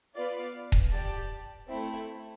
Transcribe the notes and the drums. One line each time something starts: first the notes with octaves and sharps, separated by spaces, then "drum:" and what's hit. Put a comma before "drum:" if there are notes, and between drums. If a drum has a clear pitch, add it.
B3 F4 B4 D5 F5
drum: kick D#1
G4 D5 A5
A3 C4 E4